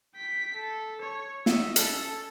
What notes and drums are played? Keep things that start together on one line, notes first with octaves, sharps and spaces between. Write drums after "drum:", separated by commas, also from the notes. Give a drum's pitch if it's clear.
G5 B6
A4
C#5
D#5 E5, drum: snare
C#4 A4, drum: hi-hat